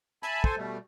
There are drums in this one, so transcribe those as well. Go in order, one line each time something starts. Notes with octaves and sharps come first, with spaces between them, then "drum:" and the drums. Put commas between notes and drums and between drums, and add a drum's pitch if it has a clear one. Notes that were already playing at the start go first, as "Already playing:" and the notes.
E5 G#5 A5 B5, drum: hi-hat
A4 C5 G#5, drum: kick
B2 G3 A3